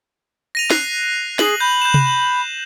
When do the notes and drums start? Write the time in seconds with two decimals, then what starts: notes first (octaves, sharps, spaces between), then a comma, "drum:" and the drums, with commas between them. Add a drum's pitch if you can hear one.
0.55 A#6 D#7 F7
0.70 F#6 C7, drum: snare
1.39 G#4 F#7, drum: snare
1.60 B5 G6
1.82 G6 E7
1.94 drum: tom C3